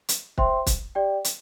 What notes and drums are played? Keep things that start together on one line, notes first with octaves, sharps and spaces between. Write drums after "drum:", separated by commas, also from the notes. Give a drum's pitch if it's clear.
drum: hi-hat
C5 E5 G5 C6, drum: kick
drum: kick, hi-hat
G4 D5 G5
drum: hi-hat